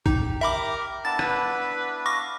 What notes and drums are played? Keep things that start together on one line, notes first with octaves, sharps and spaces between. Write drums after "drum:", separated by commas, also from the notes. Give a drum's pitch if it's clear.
D#4 G4, drum: kick
A#4 E5 B5 D6
B3 D4 E4 A5 A6
B4, drum: rim click
F5 C#6 D6 A#6